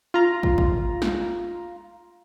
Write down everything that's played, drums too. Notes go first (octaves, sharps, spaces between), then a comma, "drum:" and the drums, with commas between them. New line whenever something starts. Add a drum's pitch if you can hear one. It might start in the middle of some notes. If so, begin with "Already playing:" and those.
F4 A#5
drum: kick
drum: kick
drum: snare